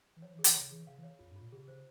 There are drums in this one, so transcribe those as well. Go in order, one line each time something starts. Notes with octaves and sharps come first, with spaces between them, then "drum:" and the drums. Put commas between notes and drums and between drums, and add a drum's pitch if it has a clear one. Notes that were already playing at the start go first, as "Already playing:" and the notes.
E3
F3 C#5
E3
G#4
E3, drum: hi-hat
C#3 C#5
E3 G#4
C#3 F5
E3
C#5
F2 F4
G2
A#2 F4
C#3 G4
C#3 C5